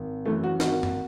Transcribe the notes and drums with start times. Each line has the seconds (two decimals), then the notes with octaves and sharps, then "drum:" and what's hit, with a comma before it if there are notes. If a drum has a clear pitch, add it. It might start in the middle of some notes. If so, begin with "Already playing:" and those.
Already playing: G#1
0.25 F#2 E3 A3
0.44 F#4
0.60 G#1 F#4, drum: snare
0.83 drum: tom F#2